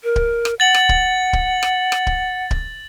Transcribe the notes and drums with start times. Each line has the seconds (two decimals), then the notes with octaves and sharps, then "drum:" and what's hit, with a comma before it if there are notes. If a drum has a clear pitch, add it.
0.04 A#4
0.16 drum: kick D1
0.45 drum: rim click
0.60 F#5 A6 F#7
0.74 drum: rim click
0.89 drum: kick D1
1.33 drum: kick D1
1.63 drum: rim click
1.92 drum: rim click
2.07 drum: kick D1
2.51 drum: kick D1